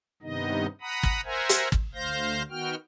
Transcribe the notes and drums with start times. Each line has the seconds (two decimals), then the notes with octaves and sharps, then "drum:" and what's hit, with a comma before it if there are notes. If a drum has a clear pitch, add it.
0.23 G2 C3 D#3 B3 D#4 D#5
0.81 F#5 A#5 B5 D#6
1.03 drum: kick
1.25 A#4 C5 E5 F#5 G#5 A#5
1.49 drum: hi-hat
1.72 drum: kick
1.95 D2 C5 F5 G6 A#6
2.50 D#3 B3 F#4 G5 F6